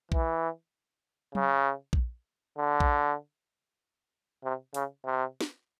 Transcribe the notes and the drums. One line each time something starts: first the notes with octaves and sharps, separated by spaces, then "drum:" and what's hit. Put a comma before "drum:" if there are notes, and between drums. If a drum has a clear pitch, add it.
E3, drum: kick A#1
C#3, drum: tom F#3
drum: kick A#1
D3
drum: kick A#1
C3
C#3, drum: hi-hat
C3
drum: snare